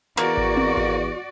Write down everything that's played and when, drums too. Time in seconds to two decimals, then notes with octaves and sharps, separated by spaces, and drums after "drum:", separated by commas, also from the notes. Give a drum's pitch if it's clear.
0.17 E2 A#3 F#4 D5
0.37 drum: kick G#1
0.57 drum: tom C4
0.77 drum: kick G#1